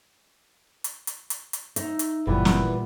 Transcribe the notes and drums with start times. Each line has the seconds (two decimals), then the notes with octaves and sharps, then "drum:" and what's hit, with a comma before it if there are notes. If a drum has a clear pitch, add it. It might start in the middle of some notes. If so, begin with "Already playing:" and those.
0.84 drum: hi-hat
1.07 drum: hi-hat
1.30 drum: hi-hat
1.53 drum: hi-hat
1.76 D#4 E5, drum: hi-hat
1.99 drum: hi-hat
2.27 F#1 A#2 E3 G3 B3 B4
2.45 drum: snare